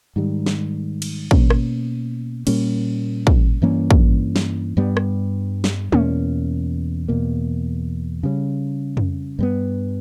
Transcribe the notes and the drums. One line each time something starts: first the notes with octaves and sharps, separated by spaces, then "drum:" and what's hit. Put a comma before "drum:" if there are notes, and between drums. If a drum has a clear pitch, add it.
G#2 D#3 G3
drum: snare
drum: cymbal
B2 A#3 C#4, drum: kick
drum: rim click
A#2 G3 A#3 C#4, drum: cymbal
drum: kick
G2 E3 A#3 C#4
drum: kick
drum: snare
G2 G3 B3
drum: rim click
drum: snare
E2 B2 A#3 C#4, drum: tom G#3
E2 B2 A#3
C#3 G3 A#3 C#4
drum: tom F2
G2 G3 B3